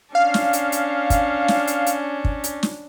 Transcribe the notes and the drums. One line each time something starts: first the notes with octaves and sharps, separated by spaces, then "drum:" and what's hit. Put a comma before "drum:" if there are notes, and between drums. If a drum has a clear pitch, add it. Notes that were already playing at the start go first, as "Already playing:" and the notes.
C#4 D4 F5
drum: snare
drum: hi-hat
drum: hi-hat
drum: kick, hi-hat
drum: snare
drum: hi-hat
drum: hi-hat
drum: kick
drum: hi-hat
drum: snare